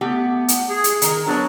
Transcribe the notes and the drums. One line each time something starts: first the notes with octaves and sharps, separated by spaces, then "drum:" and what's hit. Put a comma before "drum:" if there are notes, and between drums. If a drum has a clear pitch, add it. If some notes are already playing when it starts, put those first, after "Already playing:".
A3 B3 G4 F#5
drum: hi-hat
G#4
drum: hi-hat
D#3 A#4, drum: hi-hat
F#3 B3 D4 C#5